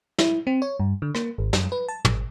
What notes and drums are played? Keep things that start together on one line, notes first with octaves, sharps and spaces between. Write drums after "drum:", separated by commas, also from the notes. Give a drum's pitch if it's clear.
E4, drum: snare
C4
C#5
G2
D3
A#3, drum: rim click
G#1
F#2, drum: snare
B4
A5
G#1, drum: tom